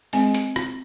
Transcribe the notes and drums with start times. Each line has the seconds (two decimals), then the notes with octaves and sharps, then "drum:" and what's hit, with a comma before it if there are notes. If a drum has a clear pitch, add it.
0.13 G#3 C4, drum: open hi-hat
0.34 drum: hi-hat
0.56 drum: rim click